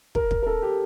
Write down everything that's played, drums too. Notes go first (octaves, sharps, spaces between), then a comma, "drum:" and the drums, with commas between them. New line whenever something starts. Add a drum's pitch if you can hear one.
A#4, drum: kick
drum: kick
A#4
A4
G4